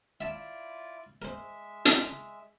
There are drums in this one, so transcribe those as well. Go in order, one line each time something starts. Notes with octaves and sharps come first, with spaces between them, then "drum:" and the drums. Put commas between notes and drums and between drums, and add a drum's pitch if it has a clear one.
E4 F4 D5 E5 A5
G#3 A#4 C5 E5
drum: hi-hat